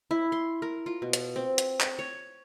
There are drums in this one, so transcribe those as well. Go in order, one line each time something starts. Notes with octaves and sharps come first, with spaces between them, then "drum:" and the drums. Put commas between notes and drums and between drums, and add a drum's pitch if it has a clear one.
E4
C6
A#4
F4
B2
drum: hi-hat
C4
drum: hi-hat
drum: clap
C#5